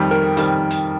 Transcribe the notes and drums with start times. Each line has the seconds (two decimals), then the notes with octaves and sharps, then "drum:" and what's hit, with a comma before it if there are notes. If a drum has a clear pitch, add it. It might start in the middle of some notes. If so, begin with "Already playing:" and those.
Already playing: F2 D#3 G3
0.11 A#4
0.37 F2 D#3 G3, drum: hi-hat
0.70 drum: hi-hat